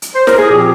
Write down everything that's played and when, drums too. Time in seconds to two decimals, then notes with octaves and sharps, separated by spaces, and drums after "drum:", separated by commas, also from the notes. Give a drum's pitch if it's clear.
0.02 drum: hi-hat
0.15 C5
0.27 A#4, drum: snare
0.38 G#4
0.49 A#2 F3 C4 G4